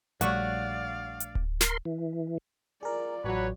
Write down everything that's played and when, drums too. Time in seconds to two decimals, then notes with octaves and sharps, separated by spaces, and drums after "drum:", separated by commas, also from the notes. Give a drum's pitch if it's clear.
0.21 A#1 G3 A3 D4 F#4 C#5 D5 F5, drum: hi-hat
1.20 drum: hi-hat
1.35 drum: kick D1
1.61 A#4 C6, drum: snare
1.85 E3
2.83 F4 G#4 A#4 D5
3.24 A1 F#3 B4 C#5